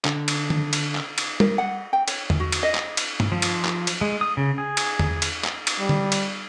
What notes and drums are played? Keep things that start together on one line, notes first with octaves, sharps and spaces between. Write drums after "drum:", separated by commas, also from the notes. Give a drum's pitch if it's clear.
D3, drum: clap
drum: cymbal
drum: tom D3
drum: cymbal
drum: clap
drum: cymbal
A#4, drum: tom G3
F#5
G5
C#5, drum: cymbal
drum: tom E2
F#4
drum: cymbal
D#5
drum: clap
drum: cymbal
drum: tom G2
F3
drum: cymbal
drum: clap
drum: cymbal
G#3
D#6
C#3
G#4
drum: cymbal
drum: tom E2
drum: cymbal
drum: clap
drum: cymbal
G3
drum: tom D3
drum: cymbal